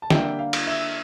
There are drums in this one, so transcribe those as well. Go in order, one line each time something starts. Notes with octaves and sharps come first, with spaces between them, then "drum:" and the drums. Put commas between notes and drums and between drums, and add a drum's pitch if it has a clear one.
A5
D3 G3 A#3 E5 G5, drum: snare
F5
drum: cymbal
E5